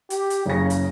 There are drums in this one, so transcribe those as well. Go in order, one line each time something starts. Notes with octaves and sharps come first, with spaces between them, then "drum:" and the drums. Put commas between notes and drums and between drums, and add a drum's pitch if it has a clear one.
G4, drum: hi-hat
drum: hi-hat
F#1 C#3 A#6
drum: hi-hat